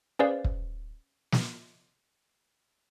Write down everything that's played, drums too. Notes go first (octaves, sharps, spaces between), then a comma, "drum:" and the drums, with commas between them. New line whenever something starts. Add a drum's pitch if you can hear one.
C#4 G#4 B4 C5 D5 F5
drum: kick
drum: snare